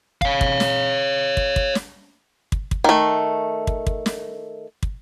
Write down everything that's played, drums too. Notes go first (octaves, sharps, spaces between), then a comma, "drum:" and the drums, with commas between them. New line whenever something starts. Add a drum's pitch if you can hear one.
C#5 F5, drum: kick
drum: kick
drum: snare
drum: kick
drum: kick
drum: snare
drum: kick
drum: kick
D#3 A3
drum: kick
drum: kick
drum: snare
drum: kick